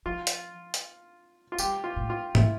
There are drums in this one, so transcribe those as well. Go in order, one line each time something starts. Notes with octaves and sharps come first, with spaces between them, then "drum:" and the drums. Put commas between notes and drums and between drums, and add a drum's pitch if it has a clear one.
F3 F4
drum: hi-hat
drum: hi-hat
F4
G3 G4, drum: tambourine
F4
A2
F4
A2 E4, drum: tom G#2